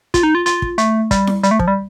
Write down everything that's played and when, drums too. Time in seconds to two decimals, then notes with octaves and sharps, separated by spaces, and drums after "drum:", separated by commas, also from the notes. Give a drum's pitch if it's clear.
0.14 F4, drum: kick, hi-hat
0.23 D#4
0.35 F4
0.46 F4, drum: hi-hat
0.62 drum: kick
0.78 A3, drum: hi-hat
1.11 G3, drum: kick, hi-hat
1.27 drum: snare E4
1.43 G3, drum: hi-hat
1.51 A3
1.59 F3, drum: kick
1.68 G3